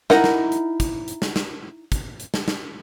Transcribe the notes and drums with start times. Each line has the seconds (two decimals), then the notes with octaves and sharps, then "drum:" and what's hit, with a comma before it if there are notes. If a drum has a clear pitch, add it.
0.10 D#4 E4 A#4 F#5, drum: snare
0.24 drum: snare
0.52 drum: hi-hat
0.80 drum: kick, hi-hat
1.08 drum: hi-hat
1.22 drum: snare
1.36 drum: snare
1.92 drum: kick, hi-hat
2.20 drum: hi-hat
2.34 drum: snare
2.48 drum: snare